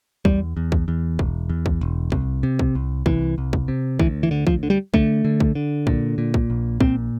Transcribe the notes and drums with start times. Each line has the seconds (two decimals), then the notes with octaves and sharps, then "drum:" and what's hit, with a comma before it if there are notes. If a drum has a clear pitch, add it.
0.25 E2 G3, drum: kick
0.57 E2
0.72 drum: kick
0.88 E2
1.19 E1, drum: kick
1.49 E2
1.66 drum: kick
1.81 E1
2.12 C2, drum: kick
2.43 C3
2.59 drum: kick
2.75 C2
3.06 C2 E3, drum: kick
3.38 C2
3.53 drum: kick
3.68 C3
3.99 D2 E3, drum: kick
4.23 E3
4.31 D3
4.47 F3, drum: kick
4.63 D3
4.70 G3
4.94 D3 A3, drum: kick
5.25 D3
5.40 drum: kick
5.55 D3
5.87 A#2, drum: kick
6.18 A#2
6.34 drum: kick
6.50 A#1
6.80 A#2 C4, drum: kick